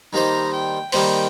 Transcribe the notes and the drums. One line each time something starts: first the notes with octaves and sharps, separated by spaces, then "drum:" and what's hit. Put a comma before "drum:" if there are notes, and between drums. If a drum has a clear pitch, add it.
D#3 G3 A#3 D#4 C5 A#5
G5
D#3 G3 A#3 D#4 C5 G5, drum: open hi-hat